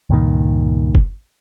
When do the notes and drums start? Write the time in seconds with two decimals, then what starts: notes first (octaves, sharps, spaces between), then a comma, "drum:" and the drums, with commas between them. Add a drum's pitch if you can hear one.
0.10 C#2 G2 A#2 D#3
0.95 drum: kick F#1